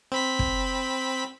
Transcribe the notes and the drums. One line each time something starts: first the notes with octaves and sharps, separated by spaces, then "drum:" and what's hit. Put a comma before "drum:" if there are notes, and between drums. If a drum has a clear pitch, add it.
C4 B5 B6
drum: kick